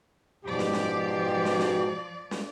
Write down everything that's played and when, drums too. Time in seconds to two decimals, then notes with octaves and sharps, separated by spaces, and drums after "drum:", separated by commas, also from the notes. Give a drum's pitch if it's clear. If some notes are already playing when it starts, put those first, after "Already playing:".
0.45 G#2 B2 F3 G4 D5
0.59 drum: snare
0.73 drum: snare
1.45 drum: snare
1.59 drum: snare
2.31 drum: snare